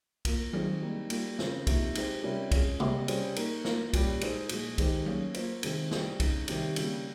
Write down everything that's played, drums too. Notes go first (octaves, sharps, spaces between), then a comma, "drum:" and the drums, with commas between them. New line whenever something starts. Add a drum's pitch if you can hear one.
A#3 F4 A#4, drum: kick, cymbal
D#3 G#3 C4 F4, drum: tom F#3
G3 A#3 D#4
G3 A#3 F4, drum: cymbal
C#3 F3 C4 F4 A#4, drum: snare
C3 F3 A#3 D#4, drum: kick, cymbal
G#3 D#4 G4 C5, drum: cymbal
C3 G3 C#4 F4 A#4
G#3 C#4 F4, drum: kick, cymbal
C3 G3 A#3, drum: tom
G3 C#4 G#4 C5, drum: cymbal
A#3 D#4 A#4, drum: cymbal
A#3 F4 A#4, drum: snare
A#2 G3 C#4 G4, drum: kick, cymbal
G#3 D#4 G#4 C5, drum: cymbal
A#2 F3 G#3, drum: cymbal
D#3 G#3 D#4 G4 C5, drum: kick, cymbal
A#3 C#4 G#4, drum: tom F#3
A#3 F4 C5, drum: cymbal
C3 D#3 G#3 C4, drum: cymbal
G3 C4 F4 G#4, drum: snare
C#3 G#3 D#4, drum: kick, cymbal
C3 D#3 G3 C4 G4, drum: cymbal
C#3 G3 A#3, drum: cymbal